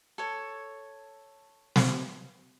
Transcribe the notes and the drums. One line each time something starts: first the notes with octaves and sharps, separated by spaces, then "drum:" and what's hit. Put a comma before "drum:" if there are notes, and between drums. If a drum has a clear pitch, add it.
A4 C#5
drum: snare